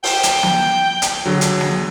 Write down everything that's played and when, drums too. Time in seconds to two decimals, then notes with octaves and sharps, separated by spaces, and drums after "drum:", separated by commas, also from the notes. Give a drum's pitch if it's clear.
0.04 G5, drum: open hi-hat
0.23 drum: hi-hat
0.43 drum: snare
1.02 drum: hi-hat
1.26 D3 F#3 G#4
1.41 drum: hi-hat
1.61 drum: snare